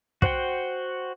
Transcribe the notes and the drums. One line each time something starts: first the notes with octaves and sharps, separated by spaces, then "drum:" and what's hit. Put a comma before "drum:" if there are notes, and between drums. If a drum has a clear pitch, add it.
F#4 C5 F#5 G5, drum: kick